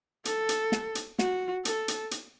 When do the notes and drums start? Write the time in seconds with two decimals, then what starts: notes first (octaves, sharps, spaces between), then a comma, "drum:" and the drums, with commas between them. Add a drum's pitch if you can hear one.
0.25 A4, drum: hi-hat
0.49 drum: hi-hat
0.72 drum: snare
0.95 drum: hi-hat
1.19 F#4, drum: snare
1.65 A4, drum: hi-hat
1.88 drum: hi-hat
2.11 drum: hi-hat